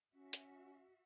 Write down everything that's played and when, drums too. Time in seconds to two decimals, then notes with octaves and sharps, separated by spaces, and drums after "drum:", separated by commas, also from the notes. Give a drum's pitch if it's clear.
0.14 C#4 F#4 E5
0.33 drum: hi-hat